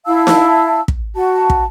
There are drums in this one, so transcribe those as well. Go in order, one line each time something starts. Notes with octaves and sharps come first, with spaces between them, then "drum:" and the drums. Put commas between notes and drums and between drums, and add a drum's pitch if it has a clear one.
E4 F5 A5 E6
drum: snare D#4
drum: kick
F#4 A5
drum: kick